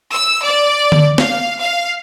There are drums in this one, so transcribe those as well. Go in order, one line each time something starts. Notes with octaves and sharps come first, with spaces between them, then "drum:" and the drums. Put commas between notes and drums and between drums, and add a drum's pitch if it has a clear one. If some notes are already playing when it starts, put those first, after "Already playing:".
E6
D5
drum: tom D3
F5, drum: snare
F5